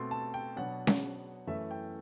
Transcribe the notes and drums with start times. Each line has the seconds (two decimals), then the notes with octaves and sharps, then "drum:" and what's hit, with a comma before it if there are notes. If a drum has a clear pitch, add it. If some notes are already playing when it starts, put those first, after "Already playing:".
Already playing: B2 A3 C4 C6
0.11 A5
0.34 G5
0.56 B2 F#3 B3 D4 F#5
0.87 drum: snare C#4
1.47 F#2 E3 A3 E5
1.71 G5